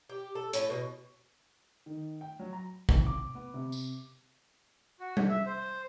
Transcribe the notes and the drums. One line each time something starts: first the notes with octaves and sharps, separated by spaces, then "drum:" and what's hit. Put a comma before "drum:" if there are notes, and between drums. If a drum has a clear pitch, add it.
G4
A4
A2, drum: hi-hat
B2
D#3
G5
F#3
A#5
G#1, drum: kick
D6
B3
C3
drum: tambourine
F#4
drum: tom G3
E5
C5